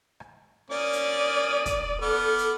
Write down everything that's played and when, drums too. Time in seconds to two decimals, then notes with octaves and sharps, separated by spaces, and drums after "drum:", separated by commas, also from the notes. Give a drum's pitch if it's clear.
0.20 drum: rim click
0.70 A#3 C#4 D5 D#6
0.93 drum: hi-hat
1.66 drum: kick, hi-hat
2.02 B3 A4 D6 F6
2.38 drum: hi-hat